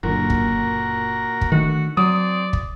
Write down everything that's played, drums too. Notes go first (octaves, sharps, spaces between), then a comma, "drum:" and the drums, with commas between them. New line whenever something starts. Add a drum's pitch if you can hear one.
F#1 A#2 D3 F#4 A#4
drum: kick
drum: kick
D3 D#3 A3 F#4
F#3 C4 D5 D#6
drum: kick